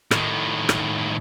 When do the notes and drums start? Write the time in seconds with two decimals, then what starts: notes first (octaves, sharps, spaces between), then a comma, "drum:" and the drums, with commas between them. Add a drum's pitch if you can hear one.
0.11 A2 D#3, drum: rim click
0.69 drum: rim click